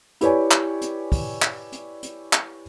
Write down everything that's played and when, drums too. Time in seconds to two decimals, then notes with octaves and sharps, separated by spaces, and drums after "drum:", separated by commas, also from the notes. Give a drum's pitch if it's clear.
0.21 E4 G4 B4 C#5 D5 G#5, drum: hi-hat
0.51 drum: clap
0.81 drum: hi-hat
1.12 drum: kick, open hi-hat
1.42 drum: clap
1.72 drum: hi-hat
2.03 drum: hi-hat
2.33 drum: clap